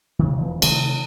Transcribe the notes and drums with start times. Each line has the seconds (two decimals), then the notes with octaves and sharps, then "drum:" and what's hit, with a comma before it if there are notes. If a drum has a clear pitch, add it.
0.19 C3 D#3
0.38 E1 E3 F3
0.62 C3 D#3 F3 A3, drum: cymbal